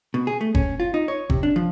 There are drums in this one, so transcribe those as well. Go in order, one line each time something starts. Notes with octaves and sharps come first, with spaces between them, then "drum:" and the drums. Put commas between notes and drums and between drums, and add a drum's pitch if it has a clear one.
B2
G#4
A3
C#4, drum: kick F#1
F4
D#4
C#5
C3, drum: kick F#1
D4
F3